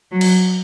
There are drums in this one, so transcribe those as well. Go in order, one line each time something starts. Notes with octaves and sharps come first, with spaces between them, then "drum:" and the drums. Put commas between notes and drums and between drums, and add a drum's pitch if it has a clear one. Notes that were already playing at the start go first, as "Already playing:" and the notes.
F#3
drum: cymbal